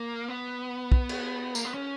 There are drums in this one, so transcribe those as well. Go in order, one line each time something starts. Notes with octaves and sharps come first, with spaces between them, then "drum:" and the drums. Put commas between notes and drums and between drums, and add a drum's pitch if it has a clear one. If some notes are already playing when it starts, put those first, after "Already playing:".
Already playing: A#3
B3
drum: kick
drum: cymbal
A#3, drum: tambourine
B3
C#4